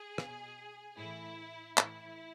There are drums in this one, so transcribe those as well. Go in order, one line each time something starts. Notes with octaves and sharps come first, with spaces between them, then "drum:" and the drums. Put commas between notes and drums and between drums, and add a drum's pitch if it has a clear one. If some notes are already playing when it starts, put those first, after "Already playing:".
Already playing: G#4
B2, drum: rim click
A2 E3 E4
A2 E3 E4, drum: clap